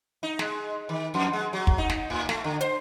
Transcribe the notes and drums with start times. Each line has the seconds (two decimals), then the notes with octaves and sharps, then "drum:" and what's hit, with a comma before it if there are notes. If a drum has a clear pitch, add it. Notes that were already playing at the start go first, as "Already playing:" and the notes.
0.23 D#4
0.39 G#3, drum: snare
0.89 D#3
1.14 F2
1.33 G#3
1.53 F#3
1.67 drum: kick
1.78 D#4
1.89 drum: snare
2.10 A2
2.29 A3, drum: snare
2.44 D3
2.61 C5, drum: hi-hat